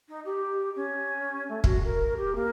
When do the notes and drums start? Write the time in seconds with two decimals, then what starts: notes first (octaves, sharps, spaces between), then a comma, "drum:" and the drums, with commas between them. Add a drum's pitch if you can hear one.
0.08 D#4
0.25 G4
0.75 C#4
1.49 A3
1.64 F#4, drum: kick
1.84 A#4
2.17 G4
2.35 A#3